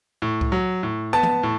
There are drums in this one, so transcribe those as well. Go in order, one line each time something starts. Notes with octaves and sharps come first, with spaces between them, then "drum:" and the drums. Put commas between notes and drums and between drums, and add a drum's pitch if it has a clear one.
A2
drum: kick C2
F#3
A2
B3 A5
drum: tom
A2